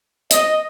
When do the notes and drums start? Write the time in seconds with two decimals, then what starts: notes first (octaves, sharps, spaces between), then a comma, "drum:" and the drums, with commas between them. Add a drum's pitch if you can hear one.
0.31 D#5, drum: hi-hat